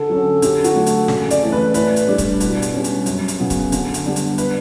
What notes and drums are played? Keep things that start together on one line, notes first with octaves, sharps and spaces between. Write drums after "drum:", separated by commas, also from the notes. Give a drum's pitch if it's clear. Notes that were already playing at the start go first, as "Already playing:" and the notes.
Already playing: D3 A4
F#3 C#4
D3 G4, drum: hi-hat
F#4, drum: hi-hat
F#3 A3
drum: hi-hat
C#3, drum: snare
D5, drum: hi-hat
E3 A3 C#4
B4
A2 B4, drum: hi-hat
drum: hi-hat
G3 D4
drum: kick, hi-hat
B2, drum: hi-hat
drum: hi-hat
G3 C#4
drum: hi-hat
F#2, drum: hi-hat
drum: hi-hat
C#3 F#3 B3
drum: kick, hi-hat
D3, drum: hi-hat
drum: hi-hat
G3 B3 D4
drum: hi-hat
B4, drum: hi-hat